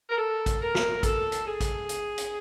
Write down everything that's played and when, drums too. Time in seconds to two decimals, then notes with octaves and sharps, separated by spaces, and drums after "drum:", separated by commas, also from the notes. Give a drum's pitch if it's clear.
0.09 A#4
0.17 A4
0.46 drum: kick A1, hi-hat
0.61 A#4
0.75 drum: snare
1.03 A4, drum: kick A1, hi-hat
1.32 drum: hi-hat
1.46 G#4
1.60 drum: kick A1, hi-hat
1.89 drum: hi-hat
2.18 drum: hi-hat